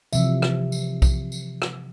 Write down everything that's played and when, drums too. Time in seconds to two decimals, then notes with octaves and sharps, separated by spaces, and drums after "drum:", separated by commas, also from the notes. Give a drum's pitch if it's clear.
0.13 C3 E3 F3 E5, drum: tambourine
0.42 drum: rim click
0.72 drum: tambourine
1.02 drum: kick B1, tambourine
1.32 drum: tambourine
1.62 drum: rim click